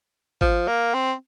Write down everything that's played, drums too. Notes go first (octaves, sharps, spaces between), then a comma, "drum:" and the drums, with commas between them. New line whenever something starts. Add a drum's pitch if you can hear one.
F3, drum: kick G#1
A#3
C4